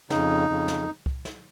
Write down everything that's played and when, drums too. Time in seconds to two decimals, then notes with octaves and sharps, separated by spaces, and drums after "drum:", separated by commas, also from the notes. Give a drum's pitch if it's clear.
0.10 F2 C#3 D#4, drum: snare
0.49 F2 C#3
0.68 drum: snare
1.06 drum: kick C2
1.25 drum: snare